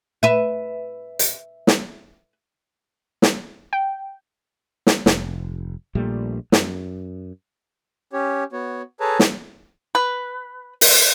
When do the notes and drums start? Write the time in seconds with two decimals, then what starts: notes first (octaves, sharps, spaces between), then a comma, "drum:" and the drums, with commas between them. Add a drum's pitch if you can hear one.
0.23 B4 E5
1.19 drum: hi-hat
1.67 drum: snare
3.22 drum: snare
3.73 G5
4.87 drum: snare
5.06 F1, drum: snare
5.95 A#1 A#2 G3 A3
6.52 F#2, drum: snare
8.13 C#4 G4 C#5
8.52 B3 F#4 C#5
9.00 G#4 A4 B4 C#5 A5 A#5
9.19 drum: snare
9.95 B4
10.81 drum: open hi-hat